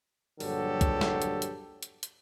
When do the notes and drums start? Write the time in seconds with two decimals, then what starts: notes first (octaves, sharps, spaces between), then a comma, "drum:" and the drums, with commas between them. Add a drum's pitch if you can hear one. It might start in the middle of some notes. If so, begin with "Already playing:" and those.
0.40 A#1 G2 D3 F#3 G4 A4, drum: open hi-hat
0.81 drum: kick B1, hi-hat
1.01 drum: snare
1.22 drum: hi-hat
1.42 drum: hi-hat
1.83 drum: hi-hat
2.03 drum: hi-hat